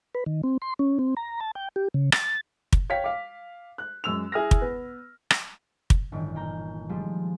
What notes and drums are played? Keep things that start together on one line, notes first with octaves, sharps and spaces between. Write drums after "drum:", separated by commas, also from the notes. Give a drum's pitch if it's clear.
B4
D#3
C4
C6
C#4
C4
A#5
A5
G5
G4
C#3
A6, drum: rim click
drum: kick
C#5 F5 G5 B6
F5 D6
F#6
F#2 G#3 E6 F7
E4 G#4 F6 A#6
drum: kick
B3
drum: rim click
drum: kick
G1 A2 D#3 E3
A#2 G5 A#5
F3 G3 G#3